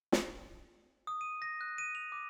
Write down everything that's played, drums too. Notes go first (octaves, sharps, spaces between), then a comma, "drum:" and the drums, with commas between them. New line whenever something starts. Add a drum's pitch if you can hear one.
drum: snare
D#6
D#7
A#6
F#6
D#7
F7
D6